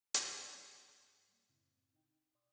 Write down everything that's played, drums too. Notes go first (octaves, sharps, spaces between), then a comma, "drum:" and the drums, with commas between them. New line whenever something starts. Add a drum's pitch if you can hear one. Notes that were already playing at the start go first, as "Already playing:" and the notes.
drum: hi-hat
G#2 F#6
G3 A#3
F#2 A2 C#3 C4 E4
D#4 G5
B2 D5 C6 D6 D#6